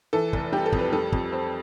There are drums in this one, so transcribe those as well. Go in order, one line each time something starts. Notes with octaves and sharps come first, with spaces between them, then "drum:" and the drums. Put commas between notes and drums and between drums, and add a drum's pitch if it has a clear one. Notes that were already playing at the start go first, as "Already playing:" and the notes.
E3 A4
F1, drum: kick
G3 G4
A4
F2, drum: kick
B4
G3 A4
F2, drum: kick
C4